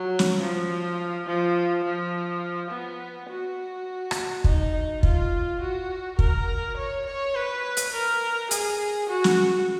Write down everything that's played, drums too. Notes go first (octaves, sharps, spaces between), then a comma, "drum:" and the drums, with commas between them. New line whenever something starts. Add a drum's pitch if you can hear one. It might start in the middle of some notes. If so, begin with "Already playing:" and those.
Already playing: F#3
drum: snare
F3
F3
F3
B3
F#4
drum: rim click
D#4, drum: kick
F4, drum: kick
F#4
A#4, drum: kick
C#5
C#5
B4
drum: hi-hat
A#4
G#4, drum: hi-hat
F#4
drum: snare